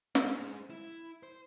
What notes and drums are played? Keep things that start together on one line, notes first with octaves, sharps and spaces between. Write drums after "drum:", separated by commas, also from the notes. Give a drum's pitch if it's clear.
G#3 C5, drum: snare
E4
C5